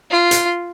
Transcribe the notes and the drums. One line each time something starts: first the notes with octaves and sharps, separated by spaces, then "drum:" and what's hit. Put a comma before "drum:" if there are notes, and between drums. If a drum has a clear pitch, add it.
F4
drum: hi-hat